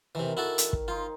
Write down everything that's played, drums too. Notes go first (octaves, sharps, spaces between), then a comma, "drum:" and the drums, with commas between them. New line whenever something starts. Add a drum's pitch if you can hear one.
C3 D#3 E3
E4 F#4 A4
drum: hi-hat
drum: kick
D#4 F4 C5